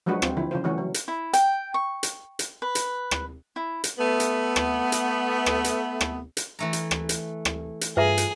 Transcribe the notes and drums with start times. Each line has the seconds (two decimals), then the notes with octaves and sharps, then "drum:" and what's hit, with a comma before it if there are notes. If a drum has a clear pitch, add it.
0.06 F3 F#3 G#3 D4 F#4 B4
0.22 C4 F4, drum: rim click
0.36 D3 F3 E4
0.51 C#3 F3 F4 C5
0.64 E3 G3 A3 C#4 F#4
0.78 F#3
0.94 drum: hi-hat
1.08 E4
1.33 G5, drum: hi-hat
1.74 C#6
2.03 drum: hi-hat
2.39 drum: hi-hat
2.62 B4
2.75 drum: hi-hat
3.11 drum: rim click
3.56 E4
3.84 drum: hi-hat
3.99 A3 B3
4.20 drum: hi-hat
4.56 drum: rim click
4.92 drum: hi-hat
5.46 drum: rim click
5.64 drum: hi-hat
6.01 drum: rim click
6.37 drum: hi-hat
6.59 E3 A3 A#5
6.73 drum: hi-hat
6.91 drum: rim click
7.09 drum: hi-hat
7.45 drum: rim click
7.81 drum: hi-hat
7.97 G2 F4 G#4 B4 E5 A#5
8.18 drum: hi-hat